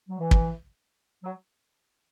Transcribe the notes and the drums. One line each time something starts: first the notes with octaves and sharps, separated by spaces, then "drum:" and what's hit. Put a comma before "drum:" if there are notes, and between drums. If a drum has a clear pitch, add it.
F#3
E3
drum: kick
F#3